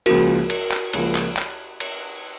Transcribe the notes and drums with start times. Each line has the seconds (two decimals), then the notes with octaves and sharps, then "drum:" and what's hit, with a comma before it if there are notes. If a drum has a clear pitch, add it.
0.06 C#2 C#3 F3 A#3 F4 F#4 A#4, drum: cymbal
0.50 drum: cymbal
0.72 drum: clap
0.93 C#2 C#3 F3 A#3 F4, drum: cymbal
1.15 drum: clap
1.37 drum: clap
1.80 drum: cymbal